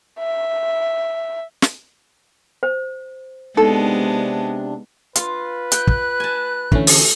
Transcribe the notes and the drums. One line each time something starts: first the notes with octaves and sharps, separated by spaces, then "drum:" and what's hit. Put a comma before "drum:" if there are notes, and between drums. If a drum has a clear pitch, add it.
E5
drum: snare
C5
C3 G#3 B3 D4 D#4 A4
F4 B4, drum: hi-hat
G5 F#6, drum: hi-hat
drum: kick
G#5 A5
D3 E3 A3 C#4, drum: kick
drum: open hi-hat